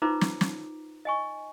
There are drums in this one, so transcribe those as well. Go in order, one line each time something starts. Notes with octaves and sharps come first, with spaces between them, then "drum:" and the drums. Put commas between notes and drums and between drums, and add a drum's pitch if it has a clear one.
D#4 F4 B4 C5 A#5 D6
drum: snare
drum: snare
D#5 G#5 C#6